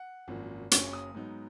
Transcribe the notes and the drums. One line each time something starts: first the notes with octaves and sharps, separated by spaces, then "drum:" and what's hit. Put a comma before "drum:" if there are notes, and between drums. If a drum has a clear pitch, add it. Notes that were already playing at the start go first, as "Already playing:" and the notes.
Already playing: F#5
G#1 F#2 F3 A#3
F#1 F#2 C#3 F#3 C#4 C#6, drum: hi-hat
D#6
G#2 F#3 B3 D#4